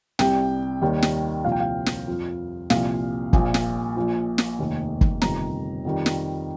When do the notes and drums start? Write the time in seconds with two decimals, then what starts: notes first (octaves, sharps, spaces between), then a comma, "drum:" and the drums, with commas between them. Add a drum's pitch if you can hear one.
0.19 C2 C3 G3 G5, drum: snare
0.81 D#2 D#3 G3
1.02 drum: snare
1.44 C2 A#2 F3 F5
1.52 G5
1.60 F5
1.86 drum: snare
2.08 F2 F3
2.70 C2 A#2 F3 F5, drum: snare
3.33 A#1 A#2 F3, drum: kick
3.54 drum: snare
3.96 A#1 A#2 F3
4.38 drum: snare
4.59 F1 D#2 D#3
5.01 drum: kick
5.22 G1 F2 C3 D#3 A#5, drum: snare
5.85 F2 D#3 G3
6.06 drum: snare